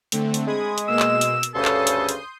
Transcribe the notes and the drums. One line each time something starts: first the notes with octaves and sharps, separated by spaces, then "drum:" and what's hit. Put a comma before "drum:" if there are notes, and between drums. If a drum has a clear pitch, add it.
D3 A3 C4, drum: hi-hat
drum: hi-hat
G#3 B5 D#6 G#6
drum: hi-hat
B2 A#3 E6 E7
drum: clap
drum: hi-hat
drum: hi-hat
D2 G2 C#3 A4 C6 D#6 G6
drum: clap
drum: hi-hat
drum: hi-hat